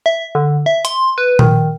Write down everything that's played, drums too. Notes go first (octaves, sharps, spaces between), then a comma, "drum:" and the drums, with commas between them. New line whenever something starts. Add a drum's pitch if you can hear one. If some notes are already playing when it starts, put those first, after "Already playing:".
E5
D3
E5
C6, drum: hi-hat
B4
D#3, drum: tom A#2